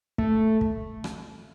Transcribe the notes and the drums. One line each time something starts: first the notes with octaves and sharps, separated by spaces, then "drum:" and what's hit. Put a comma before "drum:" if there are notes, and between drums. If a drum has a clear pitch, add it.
A3, drum: kick
drum: kick
drum: rim click